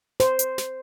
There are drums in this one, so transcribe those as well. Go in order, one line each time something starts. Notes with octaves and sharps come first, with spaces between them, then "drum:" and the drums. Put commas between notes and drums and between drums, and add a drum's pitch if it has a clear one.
C5, drum: snare
drum: hi-hat
drum: snare